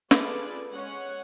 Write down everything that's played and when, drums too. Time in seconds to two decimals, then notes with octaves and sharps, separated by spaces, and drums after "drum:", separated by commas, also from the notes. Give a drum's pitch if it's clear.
0.11 F4 G#4 A4 B4 D5, drum: snare
0.72 G#3 C#4 C#5 F#5